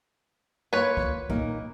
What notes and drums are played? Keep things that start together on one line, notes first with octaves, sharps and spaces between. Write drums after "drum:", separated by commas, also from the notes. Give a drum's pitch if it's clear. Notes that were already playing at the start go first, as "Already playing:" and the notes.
A#3 F4 B4 C#5
drum: kick
A#2 A#3 D#4, drum: kick